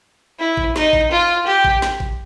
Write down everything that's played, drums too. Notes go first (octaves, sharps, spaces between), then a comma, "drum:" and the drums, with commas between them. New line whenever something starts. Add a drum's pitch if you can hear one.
E4
drum: kick G#1
D#4, drum: snare
drum: kick G#1
F4
G4
drum: kick G#1
drum: snare
drum: kick G#1